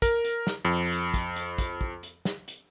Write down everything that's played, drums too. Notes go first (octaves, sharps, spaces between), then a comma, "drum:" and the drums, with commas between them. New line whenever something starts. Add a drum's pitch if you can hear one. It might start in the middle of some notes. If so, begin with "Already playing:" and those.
A#4, drum: kick, hi-hat
drum: hi-hat
drum: snare
F2
drum: hi-hat
drum: kick, hi-hat
drum: hi-hat
drum: kick, hi-hat
drum: kick
drum: hi-hat
drum: snare
drum: hi-hat